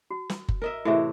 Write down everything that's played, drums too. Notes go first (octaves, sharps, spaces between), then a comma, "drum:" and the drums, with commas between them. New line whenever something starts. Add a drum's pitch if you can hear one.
F#4
drum: snare
drum: kick F#1
A#4 D#5 E5
A2 C3 E3 F#4 G#4 E5